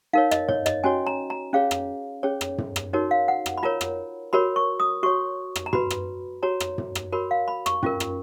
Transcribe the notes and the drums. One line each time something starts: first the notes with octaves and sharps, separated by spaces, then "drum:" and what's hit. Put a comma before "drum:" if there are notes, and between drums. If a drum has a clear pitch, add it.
D#4 A#4 C#5 F5
D#5, drum: rim click
C#5, drum: tom
D#5, drum: rim click
C#4 F#4 C#5 G#5
A#5
A#5
C#4 G#4 C#5 F5
drum: rim click
C#4 G#4 C#5
drum: rim click
drum: tom
drum: rim click
D#4 F#4 A#4 C#5
F5
F#5
drum: rim click
B5
F4 A#4 C#5 A#5
drum: rim click
F#4 A#4 C#5 B5
C#6
D#6
F#4 C#5 C#6
drum: rim click
A#5
F#4 B4 B5, drum: tom
drum: rim click
F#4 C#5 A#5
drum: rim click
drum: tom
drum: rim click
F#4 A#4 C#5 B5
F5
B5
C#6, drum: rim click
C#4 F4 A#4, drum: tom
drum: rim click